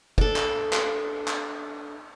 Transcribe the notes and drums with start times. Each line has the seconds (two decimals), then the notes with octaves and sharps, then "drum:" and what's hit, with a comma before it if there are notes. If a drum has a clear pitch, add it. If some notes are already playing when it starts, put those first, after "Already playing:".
0.18 D4 A4, drum: kick
0.36 drum: clap
0.73 drum: clap
1.28 drum: clap